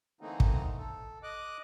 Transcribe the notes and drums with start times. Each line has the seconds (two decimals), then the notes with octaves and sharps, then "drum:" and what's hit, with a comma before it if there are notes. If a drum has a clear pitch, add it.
0.21 D3 E3 A3 A#3 C4 D#4
0.40 drum: kick
0.78 A4
1.23 D#5 D6 F#6